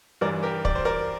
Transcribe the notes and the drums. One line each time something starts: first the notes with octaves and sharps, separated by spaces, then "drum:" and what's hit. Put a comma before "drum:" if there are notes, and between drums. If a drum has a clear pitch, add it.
A1 G2 E3 A#4 D5
G4 A#4
D5, drum: kick
C5
A#4 D5